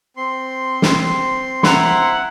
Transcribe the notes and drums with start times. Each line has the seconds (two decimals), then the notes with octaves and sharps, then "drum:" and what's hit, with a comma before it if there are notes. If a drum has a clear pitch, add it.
0.17 C4 C6
0.82 drum: snare
1.63 E4 F#5 A#5 B5, drum: snare